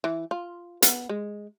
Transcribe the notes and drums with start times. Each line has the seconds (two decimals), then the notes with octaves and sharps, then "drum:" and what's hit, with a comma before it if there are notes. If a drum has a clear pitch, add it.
0.04 E3
0.31 F4
0.82 B3, drum: hi-hat
1.09 G#3